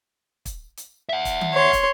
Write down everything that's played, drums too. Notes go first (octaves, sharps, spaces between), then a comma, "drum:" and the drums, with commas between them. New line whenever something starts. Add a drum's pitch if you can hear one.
drum: kick, hi-hat
drum: hi-hat
E5 F#5
drum: kick, hi-hat
drum: tom D#3
C#5 C6
drum: kick, hi-hat